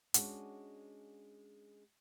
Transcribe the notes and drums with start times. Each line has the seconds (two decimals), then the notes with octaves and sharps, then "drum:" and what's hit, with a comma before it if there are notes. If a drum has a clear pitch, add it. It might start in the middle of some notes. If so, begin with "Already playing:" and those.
0.14 G#3 C#4 D4 F#4, drum: hi-hat